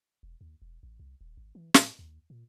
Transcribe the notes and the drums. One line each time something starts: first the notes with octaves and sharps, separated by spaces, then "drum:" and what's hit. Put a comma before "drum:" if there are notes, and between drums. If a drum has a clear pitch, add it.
E1
D#2
E1
A1
C2
D#1
G#1
E3
A2, drum: snare
D#2
A#2